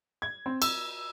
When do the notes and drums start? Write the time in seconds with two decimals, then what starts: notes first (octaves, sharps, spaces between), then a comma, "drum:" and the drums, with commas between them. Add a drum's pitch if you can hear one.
0.22 G#6
0.46 C4
0.62 E6, drum: cymbal